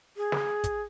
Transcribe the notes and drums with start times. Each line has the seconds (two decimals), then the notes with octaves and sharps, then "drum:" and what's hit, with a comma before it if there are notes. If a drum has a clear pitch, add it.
0.17 G#4
0.32 drum: snare
0.64 drum: kick, hi-hat